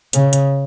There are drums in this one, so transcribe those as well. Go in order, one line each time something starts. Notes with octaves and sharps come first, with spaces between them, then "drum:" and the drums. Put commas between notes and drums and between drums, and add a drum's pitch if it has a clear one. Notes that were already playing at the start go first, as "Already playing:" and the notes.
C#3, drum: hi-hat
drum: hi-hat